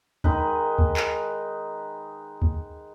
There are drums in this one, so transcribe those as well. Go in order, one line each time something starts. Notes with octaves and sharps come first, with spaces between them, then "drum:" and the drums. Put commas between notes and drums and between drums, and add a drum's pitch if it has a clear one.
D#3 G#3 D#4 B4, drum: kick D2
drum: kick D2
drum: clap
drum: kick D2